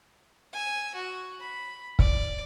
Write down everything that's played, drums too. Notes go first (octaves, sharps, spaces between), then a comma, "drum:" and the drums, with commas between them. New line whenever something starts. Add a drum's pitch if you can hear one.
G#5 E6
F#4
B5
D5, drum: kick